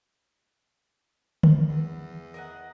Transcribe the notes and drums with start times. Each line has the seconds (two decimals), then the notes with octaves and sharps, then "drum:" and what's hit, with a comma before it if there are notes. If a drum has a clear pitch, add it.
1.43 drum: tom D3
1.68 E2
2.34 A#4 D#5 F#5